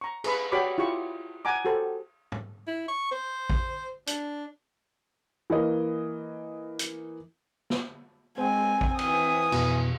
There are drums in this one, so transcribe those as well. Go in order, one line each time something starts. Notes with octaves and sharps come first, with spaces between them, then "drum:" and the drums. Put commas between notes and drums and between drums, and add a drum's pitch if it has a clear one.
A#5 C#6
G#4 B4 B5, drum: cymbal
F#4 G4 C#5 D5 B5 D6
E4 F4 G4 C#6
F#5 G#5 A#5 D6
F#4 G4 A4 C5
drum: tom
E4
C#6
C5
drum: kick A1
D4, drum: hi-hat
E3 A#3 D#5
drum: hi-hat
drum: snare
G#3 C4 C5 G#5
drum: kick A1
E3 G#5 D#6, drum: cymbal
F2 B2, drum: cymbal